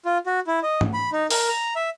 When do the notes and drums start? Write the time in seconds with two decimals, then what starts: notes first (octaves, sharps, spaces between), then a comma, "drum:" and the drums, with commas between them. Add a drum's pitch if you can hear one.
0.05 F4
0.26 F#4
0.47 E4
0.63 D#5
0.81 drum: tom G#2
0.94 B5
1.12 D#4
1.30 A#4, drum: open hi-hat
1.49 A#5
1.76 E5